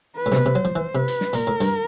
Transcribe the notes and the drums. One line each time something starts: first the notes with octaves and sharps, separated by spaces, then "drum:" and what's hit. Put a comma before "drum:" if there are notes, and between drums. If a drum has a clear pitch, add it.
B4
A2
C3, drum: snare
B2
C3
F#3 C5
F3
E3
C3 B4
drum: hi-hat
drum: snare
A#2 A#4, drum: hi-hat
A2
G2, drum: hi-hat